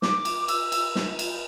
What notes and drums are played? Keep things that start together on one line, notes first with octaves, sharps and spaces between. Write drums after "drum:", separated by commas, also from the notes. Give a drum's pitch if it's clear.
D6, drum: snare
drum: cymbal
E6, drum: cymbal
drum: cymbal
drum: snare
drum: cymbal